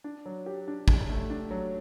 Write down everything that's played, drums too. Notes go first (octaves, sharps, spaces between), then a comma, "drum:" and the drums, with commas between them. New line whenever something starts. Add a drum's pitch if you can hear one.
D4
F#3
G4
D4
D4, drum: kick
A3
D4
F#3